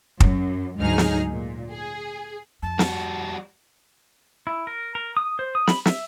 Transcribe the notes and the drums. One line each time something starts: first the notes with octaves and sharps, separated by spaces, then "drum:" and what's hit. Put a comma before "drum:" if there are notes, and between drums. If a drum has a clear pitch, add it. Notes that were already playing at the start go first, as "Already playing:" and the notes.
F#2, drum: kick
D2 G#2 F#3 D#4 G#4 F6
drum: snare
A#2
G#4
F2 A5
G3 F#4, drum: snare
E4
A#4
A#4
D#6
C5
D#6
B5, drum: snare
E5, drum: snare